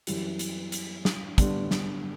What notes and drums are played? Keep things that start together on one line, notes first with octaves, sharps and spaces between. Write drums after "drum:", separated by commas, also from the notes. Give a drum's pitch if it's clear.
F#2 E3 G3, drum: hi-hat
drum: hi-hat
drum: hi-hat
drum: snare
G2 D3 G3 B3 D4, drum: kick, hi-hat
drum: snare